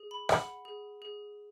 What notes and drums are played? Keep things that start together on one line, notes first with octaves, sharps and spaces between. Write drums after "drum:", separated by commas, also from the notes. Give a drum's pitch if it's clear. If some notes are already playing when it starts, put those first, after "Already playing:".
Already playing: G#4
B5
F#5 B5, drum: rim click
G#4
G#4